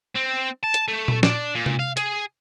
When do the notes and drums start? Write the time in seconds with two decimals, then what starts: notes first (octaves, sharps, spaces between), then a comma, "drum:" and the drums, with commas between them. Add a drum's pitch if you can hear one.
0.16 C4
0.64 A5
0.74 drum: hi-hat
0.88 A3
1.08 drum: tom A#2
1.23 D4, drum: snare
1.55 A#2
1.66 drum: tom C3
1.79 F5
1.97 G#4, drum: hi-hat